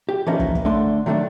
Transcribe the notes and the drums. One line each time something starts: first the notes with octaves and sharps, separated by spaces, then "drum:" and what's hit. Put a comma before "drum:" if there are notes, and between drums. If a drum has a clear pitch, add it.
G4
E3 F3 A#3 B3 C#4 D#4
drum: kick
drum: kick
D3 A3 C6
D#3 F#3 A3 C#4 D4